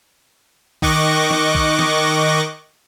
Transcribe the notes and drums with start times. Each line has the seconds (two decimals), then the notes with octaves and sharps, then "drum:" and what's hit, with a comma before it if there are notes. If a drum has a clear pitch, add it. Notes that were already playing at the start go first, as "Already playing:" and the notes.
0.82 D#3 D#5 C#6 D6 F#6 A#6, drum: kick B1
1.31 drum: snare
1.55 drum: kick B1
1.79 drum: snare